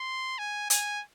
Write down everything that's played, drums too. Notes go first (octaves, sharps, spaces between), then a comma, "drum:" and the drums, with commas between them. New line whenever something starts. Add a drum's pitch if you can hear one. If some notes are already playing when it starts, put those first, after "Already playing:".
Already playing: C6
G#5
G#5, drum: hi-hat